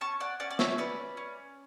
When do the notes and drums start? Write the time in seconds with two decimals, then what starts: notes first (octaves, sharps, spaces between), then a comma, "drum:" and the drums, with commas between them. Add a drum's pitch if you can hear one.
0.01 C#4 A5 C#6
0.20 D5 F#5
0.40 C#4 D5 F#5
0.50 D5
0.59 C#5 E5, drum: snare
0.78 C#4 B4 D5
1.17 C#4